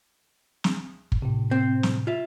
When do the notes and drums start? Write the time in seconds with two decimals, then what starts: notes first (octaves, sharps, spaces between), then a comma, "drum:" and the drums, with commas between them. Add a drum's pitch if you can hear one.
0.64 drum: snare
1.12 drum: kick
1.22 A2 C3
1.51 C4
1.83 drum: snare
2.07 F4 E5